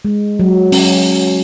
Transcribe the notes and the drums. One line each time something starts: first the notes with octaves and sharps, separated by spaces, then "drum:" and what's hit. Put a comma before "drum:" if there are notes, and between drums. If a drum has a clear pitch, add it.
G#3
F#3
C#4, drum: open hi-hat